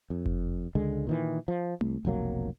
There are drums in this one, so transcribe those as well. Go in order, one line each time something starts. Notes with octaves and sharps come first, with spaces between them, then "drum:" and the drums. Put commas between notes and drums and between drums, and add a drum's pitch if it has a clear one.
F2
drum: kick F#1
C#2 D3 G#3
A#2 D#3 E3
F3
C2, drum: tom A3
F1 B1 F#3 A#3